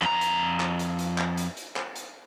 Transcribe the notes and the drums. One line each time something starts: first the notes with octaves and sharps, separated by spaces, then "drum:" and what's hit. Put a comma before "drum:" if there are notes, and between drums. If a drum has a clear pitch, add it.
F2 A#5, drum: clap
drum: hi-hat
drum: clap
drum: hi-hat
drum: hi-hat
drum: clap
drum: hi-hat
drum: hi-hat
drum: clap
drum: hi-hat